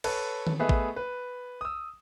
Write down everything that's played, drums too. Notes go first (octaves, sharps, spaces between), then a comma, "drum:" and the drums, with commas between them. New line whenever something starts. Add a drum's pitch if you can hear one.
A4 B4 C#5, drum: cymbal
drum: tom D#3
A3 B3 G#4 B4 D#5 E5
drum: kick A1
B4
D#6 E6